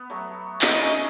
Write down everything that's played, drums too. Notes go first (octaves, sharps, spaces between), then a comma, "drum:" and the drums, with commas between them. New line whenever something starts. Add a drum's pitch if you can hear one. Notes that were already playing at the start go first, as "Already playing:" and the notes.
Already playing: B3
F#3 A3
E4 D#5, drum: clap
D#4
A3 C#4, drum: hi-hat